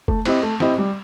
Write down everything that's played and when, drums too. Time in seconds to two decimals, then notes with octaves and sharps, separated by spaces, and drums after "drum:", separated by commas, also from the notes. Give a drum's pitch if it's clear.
0.08 A3, drum: kick
0.25 C4 E4 G4 D#5, drum: cymbal
0.43 A3
0.60 C4 E4 G4 D#5, drum: snare
0.78 G3